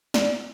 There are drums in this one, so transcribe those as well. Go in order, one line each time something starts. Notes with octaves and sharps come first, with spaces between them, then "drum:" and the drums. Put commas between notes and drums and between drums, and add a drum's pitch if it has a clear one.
D5, drum: snare